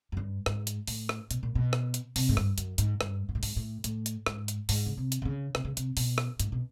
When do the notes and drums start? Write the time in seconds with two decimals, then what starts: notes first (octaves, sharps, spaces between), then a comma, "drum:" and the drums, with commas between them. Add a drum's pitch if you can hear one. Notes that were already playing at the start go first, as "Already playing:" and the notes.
0.12 F#2
0.17 G2
0.46 G#2, drum: rim click
0.67 drum: hi-hat
0.87 A2, drum: open hi-hat
1.09 drum: rim click
1.31 B2, drum: hi-hat
1.43 A#2
1.55 B2
1.73 drum: rim click
1.94 drum: hi-hat
2.16 C3, drum: open hi-hat
2.29 G#2
2.37 G2, drum: rim click
2.58 F#2, drum: hi-hat
2.78 G#2, drum: hi-hat
3.01 G2, drum: rim click
3.29 G#2
3.35 A2
3.43 G#2, drum: open hi-hat
3.56 A2
3.84 A2, drum: hi-hat
4.06 drum: hi-hat
4.26 G#2, drum: rim click
4.48 drum: hi-hat
4.69 G#2, drum: open hi-hat
4.86 C#3
4.97 C3
5.12 drum: hi-hat
5.22 C3
5.25 C#3
5.55 C3, drum: rim click
5.65 C#3
5.77 C3, drum: hi-hat
5.97 B2, drum: open hi-hat
6.18 drum: rim click
6.40 G#2, drum: hi-hat
6.52 B2